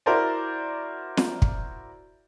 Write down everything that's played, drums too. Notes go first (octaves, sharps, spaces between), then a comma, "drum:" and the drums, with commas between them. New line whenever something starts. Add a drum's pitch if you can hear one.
E4 F#4 A#4 C5 D5
drum: snare
drum: kick